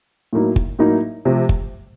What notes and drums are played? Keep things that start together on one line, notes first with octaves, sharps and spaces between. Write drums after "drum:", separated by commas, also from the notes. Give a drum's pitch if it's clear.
A2 F#3 A#3 D#4
drum: kick
A2 F#3 A#3 D#4
C3 F3 A3
drum: kick